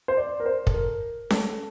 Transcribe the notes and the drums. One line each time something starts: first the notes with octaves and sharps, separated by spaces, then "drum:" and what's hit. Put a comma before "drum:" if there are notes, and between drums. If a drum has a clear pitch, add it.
C5
D5
A#4
C5
A4, drum: kick
A#4
A4, drum: snare C#4